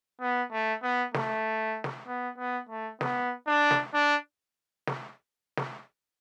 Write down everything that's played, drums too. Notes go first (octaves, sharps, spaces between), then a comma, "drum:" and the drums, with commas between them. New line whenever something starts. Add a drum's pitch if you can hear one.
B3
A3
B3
A3, drum: snare
drum: snare
B3
B3
A3
B3, drum: snare
D4
drum: snare
D4
drum: snare
drum: snare